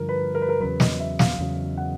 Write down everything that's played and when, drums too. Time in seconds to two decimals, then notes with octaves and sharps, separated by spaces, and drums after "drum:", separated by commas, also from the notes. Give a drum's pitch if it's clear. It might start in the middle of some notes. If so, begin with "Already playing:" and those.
Already playing: G2 D3 F3 A#4
0.09 B4
0.35 A#4
0.42 B4
0.49 A#4
0.60 E2 C#3 F#3 B4
0.80 D#5, drum: snare
1.00 E5
1.19 F5, drum: snare
1.38 E2 C#3 F#3 F5
1.77 F#5